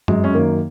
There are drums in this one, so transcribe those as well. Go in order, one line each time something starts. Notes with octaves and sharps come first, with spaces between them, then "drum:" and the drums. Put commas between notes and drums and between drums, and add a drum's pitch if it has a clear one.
F#2 G#3, drum: tom G2
C#4
D#3 A#3